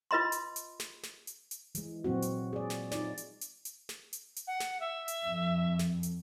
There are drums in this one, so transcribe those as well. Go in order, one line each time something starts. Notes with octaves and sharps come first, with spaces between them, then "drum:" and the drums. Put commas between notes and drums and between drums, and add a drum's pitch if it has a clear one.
F4 B4 D#5 B5 C6
drum: hi-hat
drum: hi-hat
drum: snare
drum: snare
drum: hi-hat
drum: hi-hat
E3 G#3, drum: hi-hat
A#2 F#3 C4 F#4
drum: hi-hat
G#4 D5
drum: snare
D#4 F4 D5, drum: snare
drum: hi-hat
drum: hi-hat
drum: hi-hat
drum: snare
drum: hi-hat
drum: hi-hat
F#5
drum: snare
E5
drum: hi-hat
F2
drum: snare
drum: hi-hat